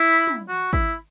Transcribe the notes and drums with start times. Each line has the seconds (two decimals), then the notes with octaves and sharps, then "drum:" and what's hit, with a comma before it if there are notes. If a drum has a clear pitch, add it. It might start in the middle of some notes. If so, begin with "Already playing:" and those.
Already playing: E4
0.27 drum: tom
0.49 F#4
0.73 E4, drum: kick